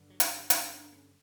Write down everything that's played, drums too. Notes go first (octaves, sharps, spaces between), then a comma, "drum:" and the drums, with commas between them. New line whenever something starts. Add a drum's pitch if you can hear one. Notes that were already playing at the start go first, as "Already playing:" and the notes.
Already playing: G2 D3
F#3
G3, drum: hi-hat
G3
G2 D3 A3, drum: hi-hat
B3
C#4
D4
B3
C#4